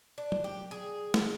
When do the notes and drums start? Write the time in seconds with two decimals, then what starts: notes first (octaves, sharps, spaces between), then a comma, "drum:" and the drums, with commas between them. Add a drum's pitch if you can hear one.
0.18 D4
0.32 drum: tom F#3
0.44 G4
0.71 G#4
1.14 drum: snare